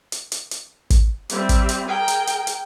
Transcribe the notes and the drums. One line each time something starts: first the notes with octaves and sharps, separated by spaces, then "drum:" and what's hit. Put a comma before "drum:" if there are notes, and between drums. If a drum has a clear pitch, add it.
drum: hi-hat
drum: hi-hat
drum: hi-hat
drum: kick, hi-hat
G3 C4 E5, drum: hi-hat
drum: kick, hi-hat
drum: hi-hat
G#4 A#4 G5
drum: hi-hat
drum: hi-hat
drum: hi-hat